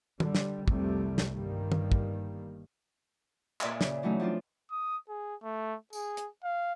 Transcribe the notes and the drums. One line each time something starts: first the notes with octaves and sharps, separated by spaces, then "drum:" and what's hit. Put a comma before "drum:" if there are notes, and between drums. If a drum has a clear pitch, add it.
D3 G3, drum: tom
drum: snare
C2 F2 C3 G3 A3, drum: kick
drum: snare
G1 G2 D#3 G3 A#3
drum: tom
drum: kick
A#2 D5 E5 G#5, drum: clap
C#3, drum: snare
E3 F#3 A3 C#4 D#4
F3 C4 D4 F4
D#6
G#4
A3
G#4, drum: tambourine
drum: hi-hat
F5